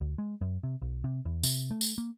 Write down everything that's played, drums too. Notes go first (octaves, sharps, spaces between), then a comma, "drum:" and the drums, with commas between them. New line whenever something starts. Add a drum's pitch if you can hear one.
D2
G#3
F#2
C3
B1
C3
E2
C3, drum: tambourine
A3
drum: tambourine
A#3